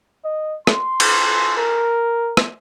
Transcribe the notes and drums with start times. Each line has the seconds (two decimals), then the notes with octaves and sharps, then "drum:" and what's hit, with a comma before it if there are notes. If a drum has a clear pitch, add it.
0.25 D#5
0.67 C6, drum: rim click
1.00 drum: cymbal
1.57 A#4
2.37 drum: rim click